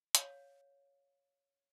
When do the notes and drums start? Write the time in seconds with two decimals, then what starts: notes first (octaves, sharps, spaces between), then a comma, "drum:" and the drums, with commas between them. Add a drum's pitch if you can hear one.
0.15 C#5 F5, drum: hi-hat